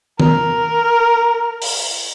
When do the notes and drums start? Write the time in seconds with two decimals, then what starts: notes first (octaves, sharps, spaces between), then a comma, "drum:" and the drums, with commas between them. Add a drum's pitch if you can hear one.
0.20 A#4, drum: tom D#3
1.62 drum: open hi-hat